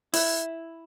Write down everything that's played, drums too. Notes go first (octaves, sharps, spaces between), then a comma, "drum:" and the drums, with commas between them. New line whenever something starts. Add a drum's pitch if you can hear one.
E4, drum: open hi-hat